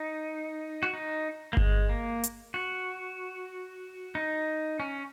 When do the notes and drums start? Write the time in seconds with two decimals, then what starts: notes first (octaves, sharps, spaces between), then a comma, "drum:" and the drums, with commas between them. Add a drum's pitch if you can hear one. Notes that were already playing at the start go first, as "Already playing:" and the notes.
Already playing: D#4
0.83 F#4
0.94 D#4
1.53 A#3
1.57 G#3, drum: kick G1
1.89 A#3
2.24 drum: hi-hat
2.54 F#4
4.15 D#4
4.80 C#4